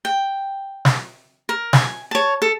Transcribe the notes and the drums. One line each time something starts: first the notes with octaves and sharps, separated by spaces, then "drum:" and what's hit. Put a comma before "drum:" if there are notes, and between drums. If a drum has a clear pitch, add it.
G5
drum: snare
A#4
G#5, drum: snare
C#5 A5
A4